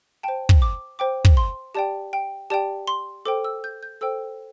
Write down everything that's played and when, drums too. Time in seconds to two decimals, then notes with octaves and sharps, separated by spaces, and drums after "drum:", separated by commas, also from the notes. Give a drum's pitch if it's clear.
0.23 C5 G5 A5
0.49 drum: kick
0.62 D6
0.99 C5 G5 D6
1.25 drum: kick
1.37 C6
1.75 G4 D5 G5 A5
2.13 G5
2.50 G4 D5 G5 A5
2.87 C6
3.25 A4 C5 G5 D6
3.44 E6
3.64 G6
3.83 G6
4.01 A4 C5 G5 E6